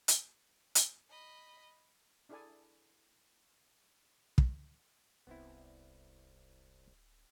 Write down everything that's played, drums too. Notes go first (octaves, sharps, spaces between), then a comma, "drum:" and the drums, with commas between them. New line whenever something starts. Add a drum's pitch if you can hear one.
drum: hi-hat
drum: hi-hat
D#5 B5
D4 E4 G#4 A4 D5 G#5
drum: kick
D1 C2 B3 C4 E4